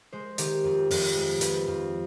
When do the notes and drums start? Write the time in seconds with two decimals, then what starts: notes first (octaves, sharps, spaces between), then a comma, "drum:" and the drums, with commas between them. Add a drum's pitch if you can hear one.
0.13 G#3 C5
0.38 D#3 G4, drum: hi-hat
0.64 F2
0.91 F2, drum: open hi-hat
1.16 G#3
1.41 F2 B4, drum: hi-hat
1.67 F2